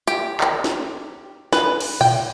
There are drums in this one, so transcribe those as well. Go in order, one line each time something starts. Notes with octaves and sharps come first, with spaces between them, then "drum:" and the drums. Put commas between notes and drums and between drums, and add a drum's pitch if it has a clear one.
G4, drum: hi-hat
drum: clap
drum: snare
B4, drum: snare
drum: cymbal
G5, drum: tom A#2